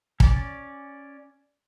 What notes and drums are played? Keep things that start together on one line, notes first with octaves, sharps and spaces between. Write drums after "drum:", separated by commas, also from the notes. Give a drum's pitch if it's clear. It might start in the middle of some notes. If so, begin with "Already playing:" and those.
C#4 D5, drum: kick